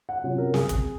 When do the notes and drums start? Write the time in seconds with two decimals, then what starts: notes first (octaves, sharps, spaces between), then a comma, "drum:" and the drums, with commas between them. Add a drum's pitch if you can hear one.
0.09 F#5
0.24 C3 F#3 C#4 F4
0.38 A#4
0.54 C2 G#4, drum: snare
0.69 drum: kick, hi-hat